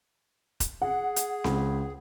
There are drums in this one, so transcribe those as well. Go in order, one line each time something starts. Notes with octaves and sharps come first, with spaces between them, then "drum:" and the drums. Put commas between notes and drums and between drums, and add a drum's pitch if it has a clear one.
drum: kick E1, hi-hat
G#4 F#5
drum: hi-hat
C#2, drum: snare C4